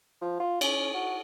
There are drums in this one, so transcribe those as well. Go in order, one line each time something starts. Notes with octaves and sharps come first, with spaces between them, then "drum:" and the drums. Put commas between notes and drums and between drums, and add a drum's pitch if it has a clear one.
F3
F4
C#4, drum: cymbal
F#4